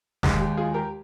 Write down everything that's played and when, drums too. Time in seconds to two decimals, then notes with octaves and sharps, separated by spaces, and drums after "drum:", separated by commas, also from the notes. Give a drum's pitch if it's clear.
0.23 D#2 D#3 G#3 G4, drum: snare
0.41 G4
0.57 F4 G#4
0.74 G4 A#4